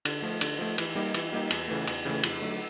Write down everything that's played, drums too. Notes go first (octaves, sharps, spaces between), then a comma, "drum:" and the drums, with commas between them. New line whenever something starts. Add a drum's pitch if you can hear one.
D3, drum: cymbal
F3 A3
D3, drum: cymbal
F3 A3
E3, drum: cymbal
G3 A#3 D#4 G4
E3, drum: cymbal
G3 A#3 D#4 G4
E2, drum: cymbal
C#3 E3 A3
E2, drum: cymbal
C#3 E3 A3
F2, drum: cymbal
D3 F#3 A3